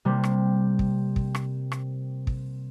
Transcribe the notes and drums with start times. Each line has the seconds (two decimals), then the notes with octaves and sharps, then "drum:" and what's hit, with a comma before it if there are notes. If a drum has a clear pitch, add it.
0.05 C3 G3 A#3
0.24 drum: rim click
0.79 drum: kick
1.16 drum: kick
1.35 drum: rim click
1.72 drum: rim click
2.27 drum: kick